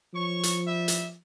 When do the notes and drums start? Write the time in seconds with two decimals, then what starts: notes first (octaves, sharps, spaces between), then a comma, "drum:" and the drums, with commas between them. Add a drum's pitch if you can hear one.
0.14 F3 C#5 C#6
0.43 drum: hi-hat
0.66 G3 E5
0.88 drum: hi-hat